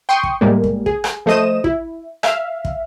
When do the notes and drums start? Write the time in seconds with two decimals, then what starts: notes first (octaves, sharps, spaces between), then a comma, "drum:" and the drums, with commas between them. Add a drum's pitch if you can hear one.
0.09 G5 C6 C#6 D#6
0.23 drum: kick
0.41 A2 G3 G#3 A#3
0.64 drum: kick
0.86 G#4, drum: kick
1.04 drum: rim click
1.26 F3 A3 C5 D#5 D#6 E7
1.64 E4, drum: kick
2.23 E5 F5, drum: rim click
2.65 drum: kick